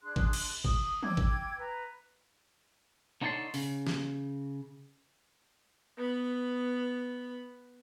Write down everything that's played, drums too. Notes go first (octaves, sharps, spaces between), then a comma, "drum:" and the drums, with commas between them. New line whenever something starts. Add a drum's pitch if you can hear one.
D4 G#4 C6 F#6
drum: kick G#1
drum: cymbal
D#6, drum: kick G#1
G5 D6 E6 G#6, drum: tom E3
drum: kick G#1
B4 A#5
D3 D#4 C#5 G5 A5 C6
C#3, drum: open hi-hat
drum: snare
B3 B5